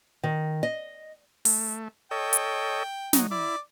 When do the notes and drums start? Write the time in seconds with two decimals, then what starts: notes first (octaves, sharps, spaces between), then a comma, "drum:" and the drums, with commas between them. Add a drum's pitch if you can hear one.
0.23 D#3
0.63 D#5
1.45 A3, drum: open hi-hat
2.11 A4 C#5 D#5 G5
2.33 drum: hi-hat
3.13 F#3 D#4, drum: snare
3.31 E4 D5